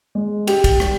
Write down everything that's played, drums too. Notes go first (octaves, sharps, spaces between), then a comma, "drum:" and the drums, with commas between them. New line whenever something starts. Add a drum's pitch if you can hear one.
G#3
G4, drum: cymbal
drum: kick, cymbal
G3, drum: rim click